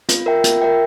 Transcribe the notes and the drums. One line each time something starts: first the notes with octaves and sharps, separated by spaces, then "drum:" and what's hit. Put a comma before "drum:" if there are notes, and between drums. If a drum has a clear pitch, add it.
F4, drum: hi-hat
A#4 E5 G5
F4, drum: hi-hat
A#4 E5 G5